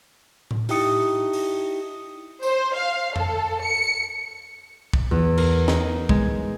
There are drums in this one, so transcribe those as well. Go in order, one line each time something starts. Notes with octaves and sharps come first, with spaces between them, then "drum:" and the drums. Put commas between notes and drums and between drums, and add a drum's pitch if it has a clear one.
drum: tom A2
D#4 E4 G4 G5 D#6 C#7, drum: open hi-hat
drum: open hi-hat
C5, drum: tambourine
F5
A4, drum: tom F2
C#7
drum: kick
E2
A#4, drum: cymbal
D#4, drum: snare
G#3, drum: kick